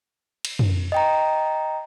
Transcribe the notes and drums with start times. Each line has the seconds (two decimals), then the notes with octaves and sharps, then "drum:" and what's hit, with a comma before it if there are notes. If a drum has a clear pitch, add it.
0.45 drum: cymbal
0.59 drum: tom
0.92 D#5 G5 A#5